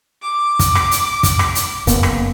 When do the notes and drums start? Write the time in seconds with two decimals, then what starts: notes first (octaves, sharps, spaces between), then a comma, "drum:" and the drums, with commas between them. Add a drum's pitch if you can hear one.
0.22 D6
0.59 drum: kick, hi-hat
0.75 drum: rim click
0.91 drum: hi-hat
1.23 drum: kick, hi-hat
1.39 drum: rim click
1.55 drum: hi-hat
1.87 F#1 A#3 B3, drum: kick, hi-hat
2.03 drum: rim click